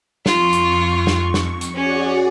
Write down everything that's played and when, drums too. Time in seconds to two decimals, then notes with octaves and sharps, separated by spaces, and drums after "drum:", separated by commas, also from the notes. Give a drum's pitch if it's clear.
0.26 F2 F4 C#6, drum: snare
0.53 drum: hi-hat
1.07 drum: snare
1.34 drum: snare
1.61 drum: hi-hat
1.75 C#4 F#4 G#4 C#5 D5